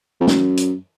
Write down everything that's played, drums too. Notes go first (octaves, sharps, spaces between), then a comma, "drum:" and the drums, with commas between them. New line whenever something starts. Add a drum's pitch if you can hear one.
F2
F#2, drum: snare
drum: hi-hat